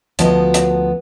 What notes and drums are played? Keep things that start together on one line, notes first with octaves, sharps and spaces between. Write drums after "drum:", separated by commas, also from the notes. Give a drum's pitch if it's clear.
D2 F3 F#3 B3 D#5 A5, drum: hi-hat
drum: hi-hat